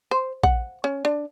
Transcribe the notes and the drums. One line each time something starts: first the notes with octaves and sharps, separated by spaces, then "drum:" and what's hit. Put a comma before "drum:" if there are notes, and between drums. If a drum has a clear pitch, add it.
C5
F#5, drum: kick A#1
C#4
D4